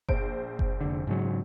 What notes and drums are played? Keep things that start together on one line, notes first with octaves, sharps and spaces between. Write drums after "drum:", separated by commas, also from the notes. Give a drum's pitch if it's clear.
A#1 C5 D7, drum: kick F#1
drum: kick F#1
F1 D3
G#2 C#3 F#3